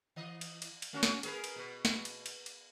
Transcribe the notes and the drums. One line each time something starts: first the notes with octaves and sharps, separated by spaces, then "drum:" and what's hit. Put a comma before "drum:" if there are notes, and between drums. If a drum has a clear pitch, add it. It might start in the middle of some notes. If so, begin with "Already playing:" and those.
E3 D#5
drum: cymbal
drum: cymbal
drum: cymbal
A3 C#4 F#4
drum: snare
G#4 A#4 B4, drum: cymbal
drum: cymbal
B2
drum: snare
drum: cymbal
drum: cymbal
drum: cymbal